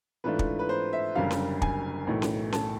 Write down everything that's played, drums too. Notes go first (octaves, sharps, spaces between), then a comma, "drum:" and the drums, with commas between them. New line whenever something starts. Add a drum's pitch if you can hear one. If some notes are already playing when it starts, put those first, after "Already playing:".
G#2 E3 A3 D4 F4 B4
drum: kick
B4
C5
E5
F#1 F#2 D3 G3 F5
drum: snare C#4
G#5, drum: kick
B1 A2 E3 A3
drum: snare C#4
A5, drum: snare C#4